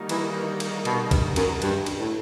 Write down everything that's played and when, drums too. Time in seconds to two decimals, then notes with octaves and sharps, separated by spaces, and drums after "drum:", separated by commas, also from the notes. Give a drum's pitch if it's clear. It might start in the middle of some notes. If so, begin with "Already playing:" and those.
Already playing: D#3 G3 A#3 D#4 F#4
0.09 E3, drum: cymbal
0.60 drum: cymbal
0.85 B2, drum: cymbal
1.11 G2, drum: kick, cymbal
1.36 F#2, drum: cymbal
1.62 G2, drum: cymbal
1.86 drum: cymbal
1.99 A2